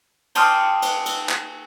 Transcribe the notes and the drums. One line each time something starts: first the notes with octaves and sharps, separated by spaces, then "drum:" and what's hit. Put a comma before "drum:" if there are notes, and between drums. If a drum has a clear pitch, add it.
G5 A5 C6 D6 D#6 F6, drum: cymbal
drum: cymbal
drum: cymbal
drum: clap